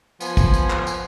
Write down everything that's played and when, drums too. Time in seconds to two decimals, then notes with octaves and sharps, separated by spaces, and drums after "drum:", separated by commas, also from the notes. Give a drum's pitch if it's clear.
0.21 F3 B3 G#5, drum: tambourine
0.37 drum: kick, tambourine
0.54 drum: tambourine
0.70 drum: clap
0.87 drum: tambourine